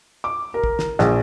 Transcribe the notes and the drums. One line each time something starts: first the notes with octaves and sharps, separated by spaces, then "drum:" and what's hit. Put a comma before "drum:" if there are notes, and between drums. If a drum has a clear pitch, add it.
D6
A#4
drum: kick
drum: snare
A#1, drum: snare